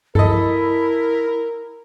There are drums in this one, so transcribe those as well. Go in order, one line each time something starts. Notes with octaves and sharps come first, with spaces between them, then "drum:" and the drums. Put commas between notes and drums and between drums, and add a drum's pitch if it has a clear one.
E4 A4 A#4 D#5, drum: tom G2